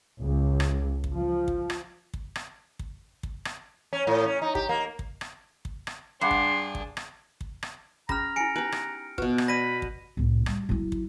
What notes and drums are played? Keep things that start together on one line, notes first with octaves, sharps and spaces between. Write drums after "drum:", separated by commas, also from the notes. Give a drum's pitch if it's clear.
C#2
drum: rim click
drum: kick
F3
drum: kick
drum: rim click
drum: kick
drum: rim click
drum: kick
drum: kick
drum: rim click
C#4
A2
C#4
D#4
G4, drum: kick
A#3
drum: kick
drum: rim click
drum: kick
drum: rim click
G2 D4 G#4 F#5 C6
drum: kick
drum: kick
drum: rim click
drum: kick
drum: rim click
C#4 G#4 A#5 B5 F6 A#6, drum: kick
E4 G#5 C#7 D7
D#4 G4 B4
drum: rim click
B2 F#4 B4, drum: kick
drum: rim click
D5 B5 A#6 D#7
drum: kick
C2 A2
G3, drum: rim click
F#3 E4
drum: kick